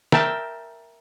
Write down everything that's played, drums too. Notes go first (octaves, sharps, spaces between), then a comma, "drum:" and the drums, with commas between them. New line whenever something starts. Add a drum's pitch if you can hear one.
A#4 E5 G5 A5, drum: snare